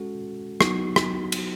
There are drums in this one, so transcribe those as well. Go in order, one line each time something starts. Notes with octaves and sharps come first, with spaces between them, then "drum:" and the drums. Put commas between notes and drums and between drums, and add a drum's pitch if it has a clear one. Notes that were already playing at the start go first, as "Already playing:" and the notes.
Already playing: G#3 C#4 F#4 A4
F#3 B3 D#4 F#4, drum: rim click
drum: rim click
drum: cymbal